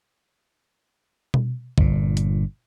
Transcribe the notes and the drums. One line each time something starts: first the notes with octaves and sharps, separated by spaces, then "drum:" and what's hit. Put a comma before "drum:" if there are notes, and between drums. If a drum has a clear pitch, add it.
drum: tom B2
G1 A#2, drum: kick B1
drum: hi-hat